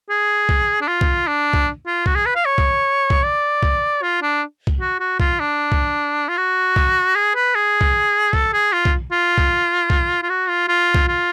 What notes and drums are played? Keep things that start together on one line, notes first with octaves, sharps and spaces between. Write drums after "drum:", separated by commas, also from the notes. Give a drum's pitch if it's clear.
G#4
drum: kick
D4
F4
drum: kick
D4
drum: kick
F4
F#4, drum: kick
G#4
B4
F5
C#5
drum: kick
drum: kick
D5
drum: kick
F4
D4
drum: kick
F#4
F#4
F4, drum: kick
D4
drum: kick
F4
F#4
drum: kick
G#4
B4
G#4
drum: kick
A4, drum: kick
G#4
F4
drum: kick
F4
drum: kick
drum: kick
F4
F#4
F4
F4
drum: kick
F4